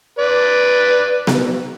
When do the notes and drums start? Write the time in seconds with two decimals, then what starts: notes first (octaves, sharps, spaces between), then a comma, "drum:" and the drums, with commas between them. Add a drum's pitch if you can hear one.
0.19 B4 D5
1.27 drum: snare B3